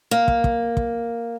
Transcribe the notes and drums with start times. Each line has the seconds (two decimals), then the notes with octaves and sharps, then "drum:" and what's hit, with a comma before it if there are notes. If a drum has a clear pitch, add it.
0.11 A#3
0.28 drum: kick
0.44 drum: kick
0.77 drum: kick